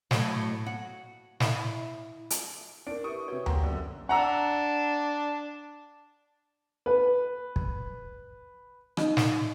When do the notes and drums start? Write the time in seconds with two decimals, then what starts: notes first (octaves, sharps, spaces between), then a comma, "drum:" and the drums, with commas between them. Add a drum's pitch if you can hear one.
0.11 A2 F#3, drum: snare
0.66 F#4
1.40 E4, drum: snare
2.30 drum: hi-hat
2.87 D4 E4 A#4 D7
3.04 G4 B4 E5 C#6 D#6
3.28 C3 F#4 B4 C#5
3.46 A#3 G4 F#5 A#5 C6, drum: tom D2
3.63 G1 F#2 D3
4.09 D4 F#5 A#5 E6
6.86 B4
7.56 drum: kick
8.97 D#4, drum: rim click
9.17 drum: snare